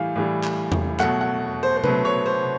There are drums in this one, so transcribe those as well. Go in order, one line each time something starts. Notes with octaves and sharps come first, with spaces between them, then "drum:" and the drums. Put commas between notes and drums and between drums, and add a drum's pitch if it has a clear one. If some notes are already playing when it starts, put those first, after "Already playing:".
Already playing: A2 E3 G3 F5
A2 E3 G3
drum: clap
drum: tom E2
B2 F#3 A3 F#5, drum: clap
F#5
C5
C5
B2 F#3 A3 B4, drum: tom C3
C#5
C5